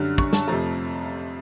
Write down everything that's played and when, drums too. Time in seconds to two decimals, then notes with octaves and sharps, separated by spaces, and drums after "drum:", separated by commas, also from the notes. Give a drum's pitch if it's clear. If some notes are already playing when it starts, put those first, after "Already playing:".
Already playing: F#2 D3 G3 F6
0.18 C#6, drum: kick
0.33 A5, drum: snare
0.47 F2 C3 F3 A3 A#5